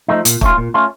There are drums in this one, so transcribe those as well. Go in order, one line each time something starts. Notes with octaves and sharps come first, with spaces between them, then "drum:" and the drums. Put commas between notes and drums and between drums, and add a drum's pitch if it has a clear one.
F3 A3 D#4
A#2, drum: hi-hat
A3 C#4 F4, drum: kick
A#2
A3 C#4 F4